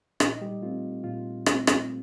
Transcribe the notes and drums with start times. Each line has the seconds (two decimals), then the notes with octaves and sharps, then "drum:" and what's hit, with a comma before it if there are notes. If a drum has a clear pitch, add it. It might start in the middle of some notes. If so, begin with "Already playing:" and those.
0.20 A#2 D#4 D#5, drum: rim click
0.41 G3 G4
0.62 A3 C4 F4
1.04 A#2 F4
1.46 A3 C4, drum: rim click
1.67 drum: rim click